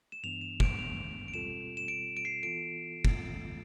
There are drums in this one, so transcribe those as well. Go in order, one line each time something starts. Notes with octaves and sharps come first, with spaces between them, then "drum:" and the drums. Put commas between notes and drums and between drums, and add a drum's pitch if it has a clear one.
E7
G2 E3 B3 D4 F7
E7
D7, drum: kick
F7
D7
B2 G3 C4 F4 A4 E7
E7
D7
D7
C7
E3 B3 F4 A4 D7
drum: kick